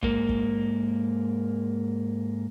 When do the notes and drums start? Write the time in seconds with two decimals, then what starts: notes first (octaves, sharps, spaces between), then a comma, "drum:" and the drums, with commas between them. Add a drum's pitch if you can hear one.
0.03 G#2 A#3, drum: kick
0.29 drum: kick